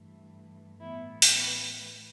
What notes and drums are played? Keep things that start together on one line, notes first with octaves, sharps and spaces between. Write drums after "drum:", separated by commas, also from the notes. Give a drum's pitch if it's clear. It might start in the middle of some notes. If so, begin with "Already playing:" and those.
Already playing: G2 E3 A3
A2 E3 A3 B3 E4
drum: open hi-hat
B3